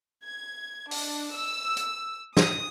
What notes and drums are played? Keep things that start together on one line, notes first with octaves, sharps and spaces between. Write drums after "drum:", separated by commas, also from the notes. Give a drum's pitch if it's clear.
G#6
D4, drum: open hi-hat
E6
drum: hi-hat
D#6, drum: snare